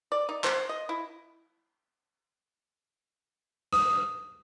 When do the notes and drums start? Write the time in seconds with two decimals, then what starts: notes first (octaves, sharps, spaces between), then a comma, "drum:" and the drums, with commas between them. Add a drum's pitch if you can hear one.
0.12 D5
0.29 D#4
0.44 C5, drum: clap
0.69 D#5
0.89 E4
3.73 D#6, drum: rim click